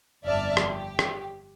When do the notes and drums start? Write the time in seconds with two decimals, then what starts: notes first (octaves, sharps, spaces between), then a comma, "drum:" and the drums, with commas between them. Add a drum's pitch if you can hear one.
0.24 G1 F2 D5 E5 A5 F6
0.57 drum: rim click
0.71 G4
0.99 drum: rim click